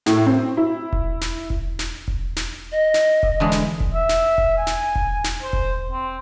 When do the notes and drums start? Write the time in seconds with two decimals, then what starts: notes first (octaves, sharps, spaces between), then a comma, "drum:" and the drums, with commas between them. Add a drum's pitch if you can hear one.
0.06 A2, drum: snare
0.27 C4
0.57 E4
0.93 drum: kick E1
1.21 drum: snare
1.50 drum: kick E1
1.79 drum: snare
2.08 drum: kick E1
2.36 drum: snare
2.72 D#5
2.94 drum: snare
3.23 drum: kick E1
3.40 D3 E3 G#3
3.52 drum: snare
3.80 drum: kick E1
3.94 E5
4.09 drum: snare
4.38 drum: kick E1
4.57 G#5
4.67 drum: snare
4.95 drum: kick E1
5.24 drum: snare
5.43 C5
5.53 drum: kick E1
5.91 C4